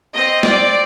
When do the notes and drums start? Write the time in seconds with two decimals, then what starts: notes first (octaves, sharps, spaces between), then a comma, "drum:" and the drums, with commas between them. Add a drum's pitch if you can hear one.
0.14 C4 D#5
0.43 D5, drum: snare